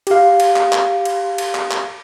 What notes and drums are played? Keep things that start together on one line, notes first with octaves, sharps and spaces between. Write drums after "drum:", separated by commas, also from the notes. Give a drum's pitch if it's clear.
G4 F5, drum: cymbal
drum: cymbal
drum: clap
drum: clap
drum: cymbal
drum: cymbal
drum: clap
drum: clap